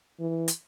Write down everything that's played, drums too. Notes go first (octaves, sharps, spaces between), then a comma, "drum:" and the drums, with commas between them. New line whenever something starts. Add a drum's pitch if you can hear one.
E3
drum: hi-hat